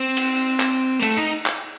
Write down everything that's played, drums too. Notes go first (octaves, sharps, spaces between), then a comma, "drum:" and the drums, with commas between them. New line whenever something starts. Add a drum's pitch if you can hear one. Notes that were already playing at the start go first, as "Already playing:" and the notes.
Already playing: C4
drum: cymbal
drum: clap
A#3
A3, drum: cymbal
D#4
drum: clap